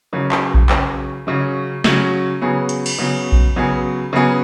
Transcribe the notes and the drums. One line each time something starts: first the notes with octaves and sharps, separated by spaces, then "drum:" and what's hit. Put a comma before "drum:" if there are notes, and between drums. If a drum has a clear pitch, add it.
C#3 F#3 C#4
drum: clap
drum: kick A#1
C#3 F#3 C#4, drum: clap
C#3 F#3 C#4
C#3 F#3 C#4, drum: snare
C#3 F#3 B3 G#4
drum: hi-hat
drum: cymbal
C#3 F#3 B3 G#4
drum: kick A#1
C#3 F#3 B3 G#4
C#3 F#3 B3 G#4